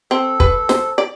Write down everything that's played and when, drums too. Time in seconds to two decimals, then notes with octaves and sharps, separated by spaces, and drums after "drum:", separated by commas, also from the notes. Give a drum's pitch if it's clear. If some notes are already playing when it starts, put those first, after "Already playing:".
0.11 C4 A4
0.40 B4, drum: kick
0.69 C5, drum: snare
0.98 D5